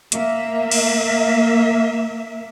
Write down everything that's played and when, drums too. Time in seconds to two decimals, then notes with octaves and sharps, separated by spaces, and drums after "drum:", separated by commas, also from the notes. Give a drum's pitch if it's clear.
0.12 A#3 E5, drum: hi-hat
0.71 drum: cymbal